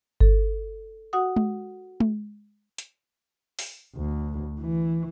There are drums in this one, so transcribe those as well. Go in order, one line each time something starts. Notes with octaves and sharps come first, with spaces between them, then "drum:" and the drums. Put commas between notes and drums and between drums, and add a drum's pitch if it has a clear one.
A4, drum: kick G1
F#4 F#5 D#6
drum: tom G#3
drum: tom G#3
drum: hi-hat
drum: open hi-hat
D2
E3